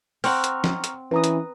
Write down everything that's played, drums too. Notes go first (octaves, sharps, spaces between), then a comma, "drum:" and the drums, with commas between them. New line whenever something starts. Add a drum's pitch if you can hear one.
C4 F#5 A#5 C#6 F6, drum: open hi-hat
drum: hi-hat
drum: snare
drum: hi-hat
E3 C#4 B4 A#5 D#6
drum: hi-hat